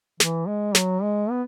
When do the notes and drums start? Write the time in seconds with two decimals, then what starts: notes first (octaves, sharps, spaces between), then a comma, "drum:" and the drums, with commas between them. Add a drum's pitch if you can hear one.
0.20 E3, drum: snare
0.48 G#3
0.75 F#3, drum: snare
1.02 G#3
1.30 B3